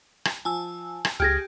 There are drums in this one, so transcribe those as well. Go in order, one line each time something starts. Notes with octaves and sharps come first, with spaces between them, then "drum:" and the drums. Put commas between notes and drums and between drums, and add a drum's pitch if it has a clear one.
drum: rim click
F3 G#5 A5 E6
drum: rim click
C#2 G4 G#4 G5 F6 G#6 A#6